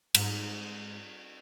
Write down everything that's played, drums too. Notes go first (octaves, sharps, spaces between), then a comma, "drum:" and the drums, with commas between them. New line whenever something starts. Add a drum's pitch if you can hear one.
G#2, drum: cymbal